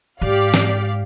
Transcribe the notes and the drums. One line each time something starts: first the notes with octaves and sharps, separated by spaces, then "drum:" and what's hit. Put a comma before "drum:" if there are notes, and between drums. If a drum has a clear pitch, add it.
G#2 G4 D5 F5
drum: snare